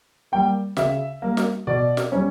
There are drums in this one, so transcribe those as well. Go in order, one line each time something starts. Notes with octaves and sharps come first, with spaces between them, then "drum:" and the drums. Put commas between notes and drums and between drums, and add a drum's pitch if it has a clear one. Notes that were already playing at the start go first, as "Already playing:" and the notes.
G3 A#3 G5
C#3 E5, drum: snare
G3 A#3
drum: snare
B2 D5
drum: snare
G3 C#4